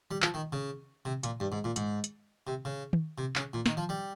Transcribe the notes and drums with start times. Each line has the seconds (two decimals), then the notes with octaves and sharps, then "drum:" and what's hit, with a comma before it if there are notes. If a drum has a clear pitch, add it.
0.11 G3
0.22 F3, drum: clap
0.34 D#3
0.53 C#3
1.05 C3
1.23 A#2, drum: hi-hat
1.40 G2
1.52 G#2
1.64 A#2
1.76 G#2, drum: hi-hat
2.04 drum: hi-hat
2.47 C3
2.65 C#3
2.93 drum: tom D#3
3.18 C3
3.36 C#3, drum: clap
3.53 A#2
3.66 D#3, drum: snare
3.77 F3
3.89 G3